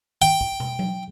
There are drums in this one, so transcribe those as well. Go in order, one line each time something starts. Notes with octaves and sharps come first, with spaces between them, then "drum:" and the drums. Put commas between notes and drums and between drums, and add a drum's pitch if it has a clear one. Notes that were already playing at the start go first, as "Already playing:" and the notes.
G5
drum: kick B1
drum: tom
drum: tom F#3